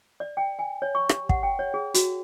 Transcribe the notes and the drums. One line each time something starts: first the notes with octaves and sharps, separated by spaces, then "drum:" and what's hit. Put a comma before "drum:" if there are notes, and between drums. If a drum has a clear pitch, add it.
D5
G5
G#5
C#5
C#6
G4, drum: rim click
F#5, drum: kick
G5
C#5
G#4
F#4, drum: hi-hat